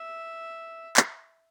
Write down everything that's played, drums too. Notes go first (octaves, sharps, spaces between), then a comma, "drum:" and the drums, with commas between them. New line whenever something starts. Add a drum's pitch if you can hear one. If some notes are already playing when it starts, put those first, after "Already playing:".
Already playing: E5
drum: clap